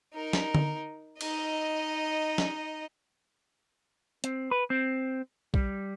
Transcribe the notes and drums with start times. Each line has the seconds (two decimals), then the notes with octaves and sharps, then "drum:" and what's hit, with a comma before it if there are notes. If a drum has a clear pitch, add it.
0.14 D#4 A#4
0.33 drum: snare
0.55 drum: tom D3
1.21 D#4 D#5, drum: cymbal
2.38 drum: snare
4.24 C4, drum: hi-hat
4.51 B4
4.70 C4
5.54 G3, drum: kick B1